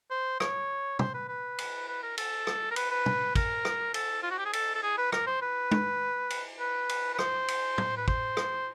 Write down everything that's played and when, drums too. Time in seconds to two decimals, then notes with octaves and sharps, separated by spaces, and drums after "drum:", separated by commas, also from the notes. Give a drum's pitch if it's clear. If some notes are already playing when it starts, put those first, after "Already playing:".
0.11 C5
0.40 C#5, drum: rim click
0.99 C5, drum: tom
1.14 B4
1.29 B4
1.58 drum: cymbal
1.88 B4
2.03 A#4
2.18 A4, drum: cymbal
2.47 drum: rim click
2.71 A#4
2.76 B4, drum: cymbal
2.91 B4
3.06 drum: tom
3.35 A#4, drum: kick, cymbal
3.65 drum: rim click
3.94 A4, drum: cymbal
4.23 F4
4.31 F#4
4.38 G4
4.46 G#4
4.53 A4, drum: cymbal
4.75 A4
4.83 G#4
4.98 B4
5.12 A#4, drum: rim click
5.27 C5
5.42 B4
5.71 drum: tom
6.30 drum: cymbal
6.60 B4
6.89 drum: cymbal
7.14 B4
7.19 C5, drum: rim click
7.48 drum: cymbal
7.78 drum: tom
7.97 B4
8.08 C5, drum: kick
8.37 drum: rim click